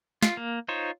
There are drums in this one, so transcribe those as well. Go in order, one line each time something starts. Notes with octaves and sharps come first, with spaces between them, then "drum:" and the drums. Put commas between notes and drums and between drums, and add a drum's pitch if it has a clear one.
F4, drum: snare
A#3
D#4 F4 C5 C#5